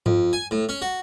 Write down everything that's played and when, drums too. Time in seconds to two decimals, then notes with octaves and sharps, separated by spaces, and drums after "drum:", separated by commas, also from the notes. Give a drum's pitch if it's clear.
0.06 F2, drum: tom G2
0.33 G#5
0.51 A2
0.69 C#4
0.82 F#4